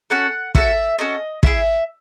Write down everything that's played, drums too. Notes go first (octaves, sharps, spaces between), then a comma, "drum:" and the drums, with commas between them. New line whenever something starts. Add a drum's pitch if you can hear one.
C#4 F#4 A4 F#5
C#4 F#4 A4 E5, drum: kick
C#4 F#4 A4 D#5
C#4 E4 G#4 E5, drum: kick